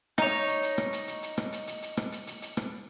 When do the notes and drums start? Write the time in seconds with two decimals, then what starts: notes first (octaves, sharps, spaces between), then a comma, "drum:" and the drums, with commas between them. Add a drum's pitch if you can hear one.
0.18 D#4 C#5, drum: rim click
0.48 drum: hi-hat
0.63 drum: hi-hat
0.78 drum: rim click
0.93 drum: hi-hat
1.08 drum: hi-hat
1.23 drum: hi-hat
1.37 drum: rim click
1.52 drum: hi-hat
1.67 drum: hi-hat
1.82 drum: hi-hat
1.97 drum: rim click
2.12 drum: hi-hat
2.27 drum: hi-hat
2.42 drum: hi-hat
2.57 drum: rim click